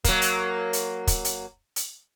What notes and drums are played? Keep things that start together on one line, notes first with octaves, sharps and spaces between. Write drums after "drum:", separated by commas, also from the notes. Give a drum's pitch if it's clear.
F#3 A#3, drum: kick, hi-hat
drum: hi-hat
drum: hi-hat
drum: kick, hi-hat
drum: hi-hat
drum: hi-hat